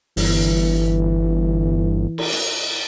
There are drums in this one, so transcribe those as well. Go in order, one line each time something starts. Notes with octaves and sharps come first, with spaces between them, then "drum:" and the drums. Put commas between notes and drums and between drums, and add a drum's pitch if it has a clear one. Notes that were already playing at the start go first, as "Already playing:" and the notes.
G1 E3, drum: open hi-hat
drum: cymbal
drum: hi-hat